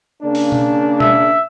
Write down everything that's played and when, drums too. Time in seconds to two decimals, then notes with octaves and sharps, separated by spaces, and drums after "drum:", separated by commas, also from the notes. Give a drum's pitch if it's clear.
0.22 C#3 A#3 D4
0.35 drum: open hi-hat
0.52 drum: tom B2
1.00 E5, drum: tom B2